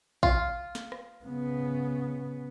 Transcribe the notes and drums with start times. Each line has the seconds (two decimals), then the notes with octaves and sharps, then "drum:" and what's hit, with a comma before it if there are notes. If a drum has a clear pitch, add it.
0.23 F4, drum: kick
0.75 drum: snare
0.92 drum: rim click
1.25 C#3 B3